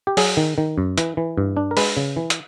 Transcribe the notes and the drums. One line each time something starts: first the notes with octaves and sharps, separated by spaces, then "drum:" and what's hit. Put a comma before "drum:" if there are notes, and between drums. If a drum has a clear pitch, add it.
G4
F#3 G#4, drum: open hi-hat
D#3
D#3
F#2
E3, drum: hi-hat
E3
G2
D4
A#4
G#3 B4, drum: open hi-hat
C#3
E3
drum: hi-hat